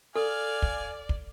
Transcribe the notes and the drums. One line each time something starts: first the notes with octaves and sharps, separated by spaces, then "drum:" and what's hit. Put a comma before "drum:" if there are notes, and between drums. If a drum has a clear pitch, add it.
A4 D5 F5 G#5 F6
drum: kick
drum: kick